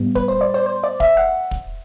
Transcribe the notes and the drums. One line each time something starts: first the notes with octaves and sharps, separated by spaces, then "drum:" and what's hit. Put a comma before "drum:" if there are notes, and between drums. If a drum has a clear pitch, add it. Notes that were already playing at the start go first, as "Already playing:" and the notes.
Already playing: A2 G3 B3
B4, drum: kick
C5
D5
C5
C5
D5
E5, drum: kick
F#5
drum: kick